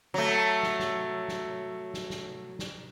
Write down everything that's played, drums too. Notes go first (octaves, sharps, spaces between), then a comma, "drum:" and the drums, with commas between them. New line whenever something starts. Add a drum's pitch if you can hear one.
F#3 A3
drum: snare
drum: snare
drum: snare
drum: snare
drum: snare
drum: snare